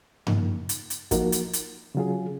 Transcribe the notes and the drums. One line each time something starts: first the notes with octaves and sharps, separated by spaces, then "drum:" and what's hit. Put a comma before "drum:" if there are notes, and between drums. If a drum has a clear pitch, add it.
C#3 F3 A#3 D#4, drum: tom G2
drum: hi-hat
drum: hi-hat
F3 A#3 D#4 F#4 A#4, drum: kick, hi-hat
drum: hi-hat
drum: hi-hat
C#3 F#3 C#4 F4 G#4